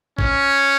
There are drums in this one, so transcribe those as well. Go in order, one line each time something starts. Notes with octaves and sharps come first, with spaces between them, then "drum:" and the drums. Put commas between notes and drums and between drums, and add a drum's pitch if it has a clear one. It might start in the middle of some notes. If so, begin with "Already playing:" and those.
C#4, drum: kick A1